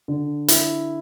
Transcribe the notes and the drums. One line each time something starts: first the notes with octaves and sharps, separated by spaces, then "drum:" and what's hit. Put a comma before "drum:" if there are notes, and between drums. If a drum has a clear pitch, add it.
D3
E4, drum: hi-hat